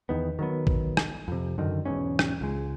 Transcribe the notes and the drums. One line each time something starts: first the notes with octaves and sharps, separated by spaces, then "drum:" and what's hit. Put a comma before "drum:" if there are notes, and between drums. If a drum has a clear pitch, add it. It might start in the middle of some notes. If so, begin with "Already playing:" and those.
E2 D#3 B3
D#3 F#3 B3
drum: kick
drum: rim click
F2 C3
F#2 D3 D#3
E1 E2 G#2 C#4
drum: rim click
C#2 G#3